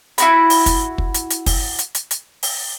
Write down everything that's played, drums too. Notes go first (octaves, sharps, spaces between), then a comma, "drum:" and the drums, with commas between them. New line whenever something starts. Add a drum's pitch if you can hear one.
E4 F#4 B5, drum: hi-hat
drum: open hi-hat
drum: kick, hi-hat
drum: kick
drum: hi-hat
drum: hi-hat
drum: kick, open hi-hat
drum: hi-hat
drum: hi-hat
drum: hi-hat
drum: open hi-hat